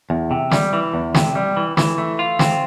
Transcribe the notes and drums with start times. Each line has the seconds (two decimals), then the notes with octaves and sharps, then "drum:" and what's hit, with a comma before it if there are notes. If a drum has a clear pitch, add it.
0.10 E2
0.31 C3
0.51 G3, drum: snare
0.73 E3
0.94 E2
1.15 C3, drum: snare
1.35 G3
1.57 E3
1.77 E3, drum: snare
1.98 A3
2.19 F4
2.39 C4, drum: snare